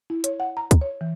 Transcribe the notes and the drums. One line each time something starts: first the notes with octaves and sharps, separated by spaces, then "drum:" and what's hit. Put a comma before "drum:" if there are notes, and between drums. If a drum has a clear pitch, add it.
E4
C#5, drum: hi-hat
F#5
A#5
drum: kick, hi-hat
C#5
E3